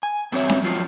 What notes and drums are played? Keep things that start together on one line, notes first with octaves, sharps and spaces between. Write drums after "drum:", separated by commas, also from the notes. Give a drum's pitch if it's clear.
G#5
G2 C4 F#4 C#5 E5, drum: hi-hat
drum: snare C#4
F#2 F3 F#3 F4 F#4